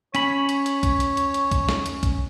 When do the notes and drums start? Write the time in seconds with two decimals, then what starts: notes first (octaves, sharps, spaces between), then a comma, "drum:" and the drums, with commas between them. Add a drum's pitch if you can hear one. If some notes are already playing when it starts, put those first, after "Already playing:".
0.15 C#4 C#5 B5, drum: hi-hat
0.49 drum: hi-hat
0.66 drum: hi-hat
0.83 drum: kick, hi-hat
1.00 drum: hi-hat
1.17 drum: hi-hat
1.34 drum: hi-hat
1.51 drum: kick, hi-hat
1.69 drum: snare
1.86 drum: hi-hat
2.03 drum: kick, hi-hat